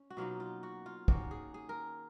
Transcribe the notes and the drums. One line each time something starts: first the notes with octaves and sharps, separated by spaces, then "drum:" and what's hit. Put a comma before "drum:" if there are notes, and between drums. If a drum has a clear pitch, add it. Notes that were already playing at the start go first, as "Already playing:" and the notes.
Already playing: C#4
F#4
B2 F#3 A#3 D#4 F4
F4
F#4
F4
D#3 A#3 C#4 F#4, drum: kick
G#4
G#4
A#4